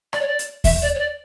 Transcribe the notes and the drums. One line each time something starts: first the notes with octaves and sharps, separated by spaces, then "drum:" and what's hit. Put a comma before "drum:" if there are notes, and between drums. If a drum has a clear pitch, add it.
D5, drum: rim click
C#5
D5
drum: hi-hat
E5, drum: kick D#2, open hi-hat
D5
C#5
D5